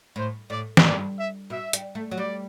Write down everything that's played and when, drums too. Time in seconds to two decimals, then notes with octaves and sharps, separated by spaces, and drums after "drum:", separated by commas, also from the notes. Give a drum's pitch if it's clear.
0.16 A2 C5
0.50 A2 D5
0.77 A2, drum: snare
0.84 G2 D5
1.17 E5
1.50 B2 E5
1.73 G3, drum: hi-hat
1.95 A3
2.11 F#3
2.17 G3 D5